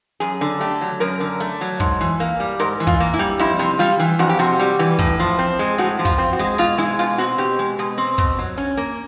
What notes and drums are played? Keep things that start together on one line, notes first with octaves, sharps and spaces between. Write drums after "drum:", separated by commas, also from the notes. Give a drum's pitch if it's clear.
F#2 G#4, drum: hi-hat
D3
A3 G4
F#3
F#2 A#4, drum: hi-hat
D3
A3
F#3
G#2, drum: kick, open hi-hat
E3
A#3
G3
G#2 A#4, drum: hi-hat
E3
F4, drum: kick
A#3
E4, drum: hi-hat
G3
F2 E4, drum: snare
C3
G3 F4
E3
F2 F#4, drum: hi-hat
G4
C3 F#4
G3
E3
A2, drum: kick
F3
C4
G#3
A2 F#4, drum: hi-hat
F3
F4, drum: kick, open hi-hat
C4
F#4, drum: hi-hat
G#3
B2 F4, drum: hi-hat
G#3 E4
B2 F4
C4 F#4
B2 G4
G#3
B2
C4
B2, drum: kick
F#3
C#4
A#3